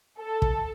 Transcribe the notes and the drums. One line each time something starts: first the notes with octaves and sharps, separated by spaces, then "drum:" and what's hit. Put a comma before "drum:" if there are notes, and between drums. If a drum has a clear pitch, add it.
A4
drum: kick